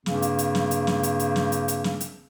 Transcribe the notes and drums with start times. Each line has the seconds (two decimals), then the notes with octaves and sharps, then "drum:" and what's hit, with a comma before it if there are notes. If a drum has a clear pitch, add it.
0.06 G2 C#3 A#3 C4, drum: snare
0.22 drum: hi-hat
0.38 drum: hi-hat
0.55 drum: snare
0.71 drum: hi-hat
0.87 drum: snare
1.03 drum: hi-hat
1.19 drum: hi-hat
1.36 drum: snare
1.52 drum: hi-hat
1.68 drum: hi-hat
1.84 drum: snare
2.00 drum: hi-hat